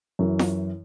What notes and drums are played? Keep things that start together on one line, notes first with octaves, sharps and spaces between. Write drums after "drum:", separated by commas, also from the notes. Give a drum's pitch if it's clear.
F#2 E3
drum: snare F4